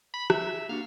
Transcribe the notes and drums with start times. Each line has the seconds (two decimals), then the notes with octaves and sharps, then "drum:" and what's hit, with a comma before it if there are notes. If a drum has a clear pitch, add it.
0.14 B5
0.30 E5, drum: rim click
0.45 G#4 A#5
0.69 A#3 D4 F#4 F5